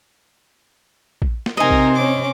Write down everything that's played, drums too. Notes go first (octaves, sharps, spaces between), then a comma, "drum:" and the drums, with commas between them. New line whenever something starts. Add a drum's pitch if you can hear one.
drum: kick A#1
drum: snare
C3 C4 D#4 A#4 C5 D#5 G#5
drum: kick A#1
C#4 D6